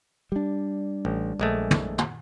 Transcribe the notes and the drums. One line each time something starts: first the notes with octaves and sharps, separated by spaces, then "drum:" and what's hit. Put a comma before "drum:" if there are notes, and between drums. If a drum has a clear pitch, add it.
G3 D4
A1
A#1 G#3 A3
drum: tom
drum: tom